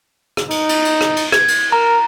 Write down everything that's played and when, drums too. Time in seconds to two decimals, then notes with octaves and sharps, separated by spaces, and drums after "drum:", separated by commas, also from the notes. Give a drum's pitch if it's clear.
0.37 drum: rim click
0.50 D#4, drum: cymbal
0.69 drum: cymbal
0.85 drum: cymbal
1.01 drum: rim click
1.17 drum: cymbal
1.32 G#6, drum: rim click
1.48 drum: cymbal
1.72 A#4 A#5